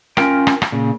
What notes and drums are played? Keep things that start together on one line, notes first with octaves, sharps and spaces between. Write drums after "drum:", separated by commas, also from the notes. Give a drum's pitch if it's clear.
C#4 F4 A#4 G5, drum: rim click
drum: rim click
drum: rim click
A#2 C#3